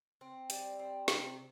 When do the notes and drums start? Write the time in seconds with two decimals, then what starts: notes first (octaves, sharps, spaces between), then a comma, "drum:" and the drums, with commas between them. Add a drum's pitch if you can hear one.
0.21 C4
0.50 G3, drum: hi-hat
0.79 C4
1.08 C3, drum: snare